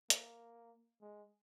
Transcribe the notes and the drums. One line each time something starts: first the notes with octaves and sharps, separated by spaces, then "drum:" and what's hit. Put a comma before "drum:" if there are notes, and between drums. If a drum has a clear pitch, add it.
A#3, drum: hi-hat
G#3